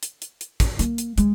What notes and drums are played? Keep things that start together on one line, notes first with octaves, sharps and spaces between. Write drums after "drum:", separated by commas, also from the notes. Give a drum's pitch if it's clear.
drum: hi-hat
drum: hi-hat
drum: hi-hat
drum: kick, hi-hat
A#3, drum: hi-hat
drum: hi-hat
G#3, drum: hi-hat